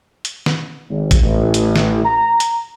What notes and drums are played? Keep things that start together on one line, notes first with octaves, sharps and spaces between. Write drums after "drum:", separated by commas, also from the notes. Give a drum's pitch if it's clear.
drum: hi-hat
drum: snare
G#1
drum: kick A1, hi-hat
A1
drum: hi-hat
drum: snare
A#5
drum: hi-hat